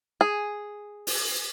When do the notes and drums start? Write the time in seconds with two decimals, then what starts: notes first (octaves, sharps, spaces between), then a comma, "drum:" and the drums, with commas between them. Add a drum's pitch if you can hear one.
0.21 G#4
1.07 drum: open hi-hat